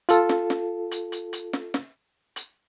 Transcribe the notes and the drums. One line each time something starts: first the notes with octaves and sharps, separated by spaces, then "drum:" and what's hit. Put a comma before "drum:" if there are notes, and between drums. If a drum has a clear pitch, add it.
F4 A4, drum: hi-hat
drum: snare
drum: snare
drum: hi-hat
drum: hi-hat
drum: hi-hat
drum: snare
drum: snare
drum: hi-hat